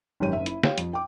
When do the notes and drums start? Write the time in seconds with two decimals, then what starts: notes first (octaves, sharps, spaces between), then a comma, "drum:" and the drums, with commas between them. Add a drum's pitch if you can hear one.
0.20 G#1 F#2 G4 C#5 D#7
0.33 F#1 E5
0.46 E4, drum: hi-hat
0.63 G4 C#5 F5, drum: snare
0.78 F2, drum: hi-hat
0.93 G5 D6